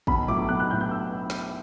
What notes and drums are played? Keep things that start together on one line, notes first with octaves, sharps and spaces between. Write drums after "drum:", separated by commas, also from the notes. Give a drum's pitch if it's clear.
B1 B5, drum: kick
A2 F#3 D6
B1 F#6
F#6
A2 F#3 G6
G6
E6
drum: snare